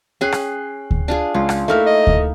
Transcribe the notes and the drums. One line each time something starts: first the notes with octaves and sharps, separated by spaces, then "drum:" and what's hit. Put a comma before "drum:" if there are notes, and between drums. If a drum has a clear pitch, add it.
C#4 G#4 G5 F#6 C7
drum: rim click
drum: kick D2
D4 F4 G#4
C#2 F4
drum: rim click
A3 A#3 D#4 E4 F6
D#5
drum: kick D2